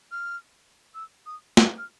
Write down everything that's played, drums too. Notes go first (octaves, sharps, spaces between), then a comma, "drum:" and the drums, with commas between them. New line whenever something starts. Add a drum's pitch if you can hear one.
F6
E6
D#6
E6, drum: snare
F6